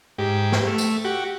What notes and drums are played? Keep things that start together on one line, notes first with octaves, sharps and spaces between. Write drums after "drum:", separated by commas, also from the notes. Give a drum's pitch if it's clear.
G#2 G4
drum: snare
A3
drum: tambourine
F#4 G4